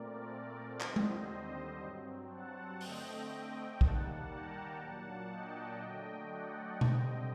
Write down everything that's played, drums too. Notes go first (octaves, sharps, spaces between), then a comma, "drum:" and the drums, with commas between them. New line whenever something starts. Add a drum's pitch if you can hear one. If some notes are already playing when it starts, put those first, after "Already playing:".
Already playing: A#2 A3 C4 A#4 D5
D#2 D3 G3 C4 C5 D#5, drum: clap
drum: tom G#3
G2 F#3 C4
F#5 A5
D3 A3 C4 D#5 G5, drum: open hi-hat
D#2 D#3 G3 A#3 F#5 A5, drum: kick
G5 A#5
A#2 F#3 A#3 D4 F#5 A5
D#5 G5
D3 F#3 A3 D4
D5 F#5
D3 G3 C4 D#5 G5, drum: tom B2